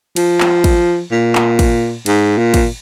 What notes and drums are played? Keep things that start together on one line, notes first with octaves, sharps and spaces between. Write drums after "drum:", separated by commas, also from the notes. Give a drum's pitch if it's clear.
F3, drum: cymbal
drum: clap
drum: kick, cymbal
A#2
drum: clap
drum: kick, cymbal
G#2, drum: cymbal
A#2
drum: kick, cymbal